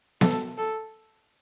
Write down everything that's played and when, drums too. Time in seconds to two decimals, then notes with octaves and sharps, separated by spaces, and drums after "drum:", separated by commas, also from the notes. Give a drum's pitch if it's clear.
0.21 A4, drum: snare B3
0.58 A4